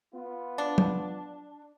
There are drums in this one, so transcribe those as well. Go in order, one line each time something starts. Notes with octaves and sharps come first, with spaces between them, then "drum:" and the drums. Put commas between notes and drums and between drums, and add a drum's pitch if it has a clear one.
B3 F4
D4
drum: tom F#3